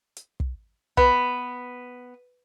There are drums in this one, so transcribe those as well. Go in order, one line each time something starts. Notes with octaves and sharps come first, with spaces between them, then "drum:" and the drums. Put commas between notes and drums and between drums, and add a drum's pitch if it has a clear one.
drum: hi-hat
drum: kick
B3, drum: kick